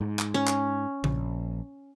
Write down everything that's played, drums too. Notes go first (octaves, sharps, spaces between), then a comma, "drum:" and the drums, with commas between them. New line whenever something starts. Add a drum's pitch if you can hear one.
G#2
drum: clap
C#4
drum: clap
A#1, drum: tom C#3